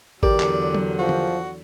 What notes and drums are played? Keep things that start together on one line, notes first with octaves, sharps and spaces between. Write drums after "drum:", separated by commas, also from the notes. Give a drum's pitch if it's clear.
E2 D3 F#3 G4 A#4 D5, drum: kick G#1
drum: clap
drum: tom
F3 F#4
drum: tom D3